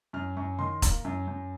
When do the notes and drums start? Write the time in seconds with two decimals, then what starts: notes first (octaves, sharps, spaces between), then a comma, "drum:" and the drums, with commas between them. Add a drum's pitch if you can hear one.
0.13 F#2 F6
0.37 F#2 C#6
0.59 D#3 C6
0.82 A#3 A#5, drum: kick E1, hi-hat
1.05 F#2
1.27 F#2